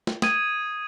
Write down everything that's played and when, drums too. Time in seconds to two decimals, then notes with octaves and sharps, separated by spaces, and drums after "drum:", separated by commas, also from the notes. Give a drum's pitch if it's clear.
0.07 drum: snare
0.22 D#6 G#6 D#7, drum: snare